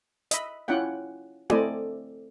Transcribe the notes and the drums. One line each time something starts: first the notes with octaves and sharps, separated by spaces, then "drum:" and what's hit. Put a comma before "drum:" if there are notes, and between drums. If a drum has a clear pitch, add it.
D#5 E5 B5, drum: hi-hat
C#4 E4 F4 F#5 G5
A3 C4 A4 D5 D#5 G#5, drum: tom E4